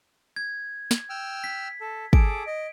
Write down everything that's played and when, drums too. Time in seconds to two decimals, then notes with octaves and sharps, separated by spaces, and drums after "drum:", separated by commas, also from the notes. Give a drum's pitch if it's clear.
0.36 G#6
0.91 drum: snare
1.10 G5 E6 F6
1.44 B6
1.81 A4
2.13 G#4 A4 D6 D7, drum: kick
2.47 D#5